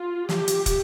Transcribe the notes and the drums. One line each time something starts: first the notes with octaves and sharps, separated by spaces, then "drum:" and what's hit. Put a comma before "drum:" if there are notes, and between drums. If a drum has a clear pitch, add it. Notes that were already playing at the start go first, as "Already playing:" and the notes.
Already playing: F4
G4, drum: snare
drum: hi-hat
drum: kick, hi-hat